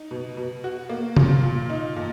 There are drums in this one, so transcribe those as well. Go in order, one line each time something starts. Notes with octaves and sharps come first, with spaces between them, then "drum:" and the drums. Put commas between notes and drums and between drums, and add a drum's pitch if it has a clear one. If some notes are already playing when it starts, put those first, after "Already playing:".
Already playing: D#4
B2
B2
F#4
A#3
A#2, drum: tom C3
A#2
D#4
A#2